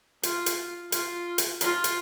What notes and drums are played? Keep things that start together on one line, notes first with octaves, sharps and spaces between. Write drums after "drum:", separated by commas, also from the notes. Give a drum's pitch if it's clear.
F4, drum: hi-hat
drum: hi-hat
F4, drum: hi-hat
drum: hi-hat
F4, drum: hi-hat
drum: hi-hat